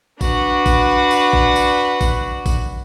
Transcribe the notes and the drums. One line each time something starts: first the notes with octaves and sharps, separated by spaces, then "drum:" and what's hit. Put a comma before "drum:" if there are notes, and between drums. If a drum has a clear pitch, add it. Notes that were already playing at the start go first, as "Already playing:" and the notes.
D4 F#4 B4, drum: kick, tambourine
drum: kick, tambourine
drum: tambourine
drum: kick
drum: tambourine
drum: kick, tambourine
drum: kick, tambourine